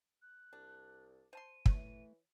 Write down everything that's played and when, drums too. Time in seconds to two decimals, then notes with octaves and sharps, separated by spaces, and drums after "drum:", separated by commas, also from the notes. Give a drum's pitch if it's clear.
0.22 F#6
0.53 C2 D4
1.33 C5 A5 C6 D#7
1.66 E3 A3 C#5, drum: kick